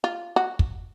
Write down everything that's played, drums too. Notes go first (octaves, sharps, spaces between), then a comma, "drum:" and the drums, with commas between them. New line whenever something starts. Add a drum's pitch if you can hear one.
F4
F#4
drum: kick